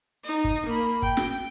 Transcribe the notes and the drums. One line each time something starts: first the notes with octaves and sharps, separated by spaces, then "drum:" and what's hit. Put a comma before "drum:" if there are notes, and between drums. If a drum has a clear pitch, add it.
D#4
drum: kick
A#3 B5
G5, drum: kick
drum: snare